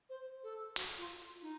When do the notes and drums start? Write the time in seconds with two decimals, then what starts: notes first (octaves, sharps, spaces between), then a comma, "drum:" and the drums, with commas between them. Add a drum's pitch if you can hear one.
0.09 C5
0.43 A4
0.76 F#4, drum: hi-hat
0.98 F4
1.42 D#4